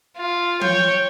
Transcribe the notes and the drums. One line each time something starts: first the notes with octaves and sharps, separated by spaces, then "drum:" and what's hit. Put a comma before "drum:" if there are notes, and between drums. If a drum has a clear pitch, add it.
F4
C#5 G5, drum: tom